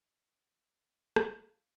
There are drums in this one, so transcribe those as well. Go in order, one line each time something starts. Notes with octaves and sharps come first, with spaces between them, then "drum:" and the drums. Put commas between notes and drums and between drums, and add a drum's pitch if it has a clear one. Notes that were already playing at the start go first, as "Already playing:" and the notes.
F4, drum: rim click